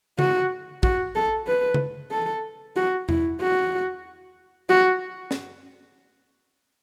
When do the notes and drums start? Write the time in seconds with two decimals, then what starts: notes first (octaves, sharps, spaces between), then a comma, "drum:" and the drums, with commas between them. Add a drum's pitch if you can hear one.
0.19 F#4, drum: tom C#3
0.83 F#4, drum: kick
1.15 A4
1.47 B4
1.74 drum: tom C#3
2.11 A4
2.76 F#4
3.09 E4, drum: tom E2
3.41 F#4
4.70 F#4
5.31 drum: snare